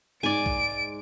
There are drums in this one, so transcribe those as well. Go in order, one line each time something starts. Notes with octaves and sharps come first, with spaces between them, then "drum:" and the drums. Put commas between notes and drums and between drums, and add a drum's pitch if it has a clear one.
G#2 D5 G#5 D7
drum: kick A#1